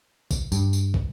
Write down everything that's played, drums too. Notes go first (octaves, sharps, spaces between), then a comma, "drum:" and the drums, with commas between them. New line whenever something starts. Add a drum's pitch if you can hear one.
drum: kick, tambourine
G2, drum: tambourine
drum: tambourine
drum: kick